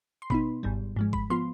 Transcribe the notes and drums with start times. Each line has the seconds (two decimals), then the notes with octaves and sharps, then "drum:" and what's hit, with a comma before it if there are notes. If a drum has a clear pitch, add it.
0.22 C6
0.30 B2 B3 D#4 B5, drum: kick
0.63 G#1 G#2 G3
0.96 G#2 F3 G#3
1.13 B5, drum: kick
1.30 F3 B3 F4 C6